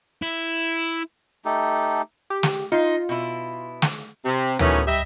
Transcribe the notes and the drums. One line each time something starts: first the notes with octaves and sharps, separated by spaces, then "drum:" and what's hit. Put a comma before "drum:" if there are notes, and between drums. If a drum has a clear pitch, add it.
E4
A3 D#4 G4 A4
G4
drum: snare
D#4 F4 C6
B2 E4
drum: snare
C3
D#3 E3 F#3 A3 B3 C#4, drum: tom D2
G3 D#5 E5